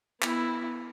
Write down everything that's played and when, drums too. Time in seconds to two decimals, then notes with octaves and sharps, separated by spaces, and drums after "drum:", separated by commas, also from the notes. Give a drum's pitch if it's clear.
0.22 B3 E4, drum: clap